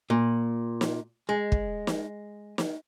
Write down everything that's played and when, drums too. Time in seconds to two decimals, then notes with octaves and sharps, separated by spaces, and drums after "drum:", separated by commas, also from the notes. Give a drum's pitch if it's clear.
0.10 A#2
0.81 drum: snare
1.29 G#3
1.52 drum: kick
1.87 drum: snare
2.58 drum: snare